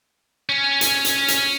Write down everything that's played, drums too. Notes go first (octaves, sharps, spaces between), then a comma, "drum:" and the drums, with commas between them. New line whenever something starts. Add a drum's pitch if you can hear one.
C#4
drum: hi-hat
drum: hi-hat
drum: hi-hat